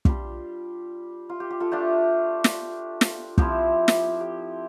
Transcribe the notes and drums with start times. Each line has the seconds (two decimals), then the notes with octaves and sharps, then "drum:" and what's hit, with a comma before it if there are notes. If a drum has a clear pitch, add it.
0.05 G3 D4 F4 G4, drum: kick
1.30 F4
1.40 G4
1.50 G4
1.60 F4 A4
1.71 A3 D4 F4 G4
2.44 drum: snare
3.01 drum: snare
3.38 F3 C4 E4 G4, drum: kick
3.88 drum: snare
4.20 G4